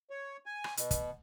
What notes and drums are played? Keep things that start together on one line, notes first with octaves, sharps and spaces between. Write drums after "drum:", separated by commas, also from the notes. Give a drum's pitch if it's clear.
C#5
G#5
drum: rim click
B2, drum: hi-hat
drum: kick, hi-hat